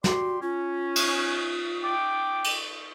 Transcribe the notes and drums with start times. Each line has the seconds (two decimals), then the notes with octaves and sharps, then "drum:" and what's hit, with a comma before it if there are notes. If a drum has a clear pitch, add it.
0.04 F#4 G4 D5 C6, drum: snare
0.42 C#4 F4
0.96 drum: cymbal
1.84 G5 D6
2.44 drum: cymbal